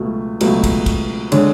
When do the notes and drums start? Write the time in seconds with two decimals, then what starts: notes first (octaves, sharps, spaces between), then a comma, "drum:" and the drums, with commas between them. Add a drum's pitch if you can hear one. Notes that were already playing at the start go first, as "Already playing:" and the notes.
Already playing: C#2 B2 F#3 A3
0.41 C#2 B2 F#3 A3, drum: cymbal
0.64 drum: kick, cymbal
0.86 drum: kick, cymbal
1.32 D3 G#3 C#5, drum: cymbal